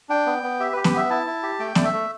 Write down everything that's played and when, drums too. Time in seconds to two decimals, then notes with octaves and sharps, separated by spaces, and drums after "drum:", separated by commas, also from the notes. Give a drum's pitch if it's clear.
0.09 D4 G5
0.26 B3
0.43 B3
0.60 G4 E5
0.73 B4
0.76 G4
0.84 B4, drum: snare B3
0.94 B3 E5
1.10 E4 A5
1.27 E4
1.43 G4
1.59 A3 G5
1.75 A3 D5, drum: snare B3
1.85 E5
1.93 A3